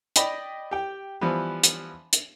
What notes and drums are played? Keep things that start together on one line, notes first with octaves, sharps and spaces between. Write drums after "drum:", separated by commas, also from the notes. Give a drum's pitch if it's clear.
D5 D#5 G5 B5, drum: hi-hat
G4 G5
E3 F3 G3 B3
drum: hi-hat
drum: hi-hat